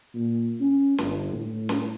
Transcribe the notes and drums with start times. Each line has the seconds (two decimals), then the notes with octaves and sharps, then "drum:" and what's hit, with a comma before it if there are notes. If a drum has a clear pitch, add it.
0.15 A#2
0.60 C#4
0.98 G1, drum: snare C#4
1.33 A2
1.69 drum: snare C#4